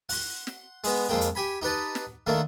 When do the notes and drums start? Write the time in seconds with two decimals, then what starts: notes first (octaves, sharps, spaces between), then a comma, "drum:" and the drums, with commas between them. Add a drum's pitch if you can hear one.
0.09 F#5 C6, drum: open hi-hat
0.47 drum: snare
0.84 G#3 B3, drum: open hi-hat
1.09 F2 G#3 A#3 G5
1.21 drum: hi-hat
1.35 G4 G#5 B5
1.62 D#4 G4 B4 A5
1.95 drum: snare
2.27 D3 D#3 A3 A#3